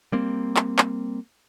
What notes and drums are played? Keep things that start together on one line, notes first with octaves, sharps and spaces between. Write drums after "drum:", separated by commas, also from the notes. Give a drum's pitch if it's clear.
G3 A#3 C4
drum: clap
drum: clap